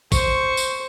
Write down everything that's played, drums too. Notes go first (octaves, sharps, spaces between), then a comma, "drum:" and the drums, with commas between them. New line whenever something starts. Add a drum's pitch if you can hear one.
C5 C#6, drum: kick G#1, tambourine
drum: tambourine